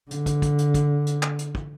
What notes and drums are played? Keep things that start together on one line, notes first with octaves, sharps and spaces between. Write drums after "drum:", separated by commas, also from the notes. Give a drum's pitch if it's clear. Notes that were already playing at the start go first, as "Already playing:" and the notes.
D3, drum: hi-hat
drum: kick, hi-hat
drum: kick, hi-hat
drum: hi-hat
drum: kick, hi-hat
drum: hi-hat
drum: clap
drum: hi-hat
drum: kick